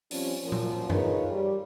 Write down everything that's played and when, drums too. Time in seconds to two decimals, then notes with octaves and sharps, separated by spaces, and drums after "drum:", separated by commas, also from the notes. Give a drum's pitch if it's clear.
0.11 F3 G3 C4 C#4, drum: open hi-hat
0.43 F#2 A#2 F3
0.52 drum: tom A#2
0.90 D#4 F4 G#4 A#4 B4 C#5, drum: tom F#2
1.29 G3